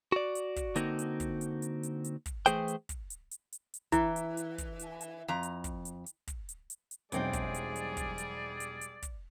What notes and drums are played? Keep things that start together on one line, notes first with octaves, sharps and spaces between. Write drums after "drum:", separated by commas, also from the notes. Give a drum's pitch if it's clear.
F#4 D5
drum: hi-hat
drum: kick, hi-hat
D3 A#3 C4 D#4 F#4, drum: hi-hat
drum: hi-hat
drum: kick, hi-hat
drum: hi-hat
drum: hi-hat
drum: hi-hat
drum: hi-hat
drum: kick, hi-hat
E3 A3 G#4 C5 G5, drum: hi-hat
drum: hi-hat
drum: kick, hi-hat
drum: hi-hat
drum: hi-hat
drum: hi-hat
drum: hi-hat
E3 E4, drum: kick, hi-hat
drum: hi-hat
drum: hi-hat
drum: kick, hi-hat
drum: hi-hat
drum: hi-hat
F2 A#5
drum: hi-hat
drum: kick, hi-hat
drum: hi-hat
drum: hi-hat
drum: kick, hi-hat
drum: hi-hat
drum: hi-hat
drum: hi-hat
E1 B1 E2 G3 C4 G#4 D5 G5, drum: hi-hat
drum: kick, hi-hat
drum: hi-hat
drum: hi-hat
drum: kick, hi-hat
drum: hi-hat
drum: hi-hat
drum: hi-hat
drum: kick, hi-hat